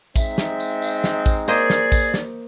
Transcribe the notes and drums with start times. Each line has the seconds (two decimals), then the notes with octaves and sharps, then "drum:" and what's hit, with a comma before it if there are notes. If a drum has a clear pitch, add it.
0.16 G#3 C4 D#4 E5, drum: kick A1, tambourine
0.38 drum: snare
0.60 drum: tambourine
0.82 drum: tambourine
1.04 drum: snare
1.26 drum: kick A1, tambourine
1.48 A#3 G#4 C5 D5 D#5, drum: tambourine
1.70 drum: snare
1.92 drum: kick A1, tambourine
2.14 drum: snare